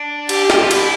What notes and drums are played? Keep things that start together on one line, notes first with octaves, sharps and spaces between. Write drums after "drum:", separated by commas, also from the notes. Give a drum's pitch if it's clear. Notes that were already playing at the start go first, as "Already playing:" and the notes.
Already playing: D4
G4, drum: cymbal
drum: snare
F4
E4, drum: cymbal